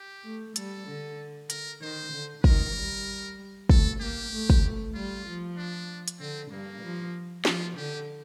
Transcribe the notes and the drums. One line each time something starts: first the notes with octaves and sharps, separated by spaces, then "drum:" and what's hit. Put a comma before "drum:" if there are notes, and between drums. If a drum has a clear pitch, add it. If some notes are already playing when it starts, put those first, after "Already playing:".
Already playing: G4
A3
G3 A4, drum: hi-hat
D3
A#4, drum: hi-hat
D#3 C5
D3
D#3 A#4, drum: kick
G3
A3 A4, drum: kick
A#3 G4
A3
drum: kick
A3
G3 F4
F3
D4
drum: hi-hat
D3 C4
G2 A#3
F3
F3 F4, drum: snare
D3 G4